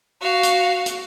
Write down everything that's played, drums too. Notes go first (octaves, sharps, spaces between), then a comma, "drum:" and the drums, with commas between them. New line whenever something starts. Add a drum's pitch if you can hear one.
F#4 F5
drum: hi-hat
drum: hi-hat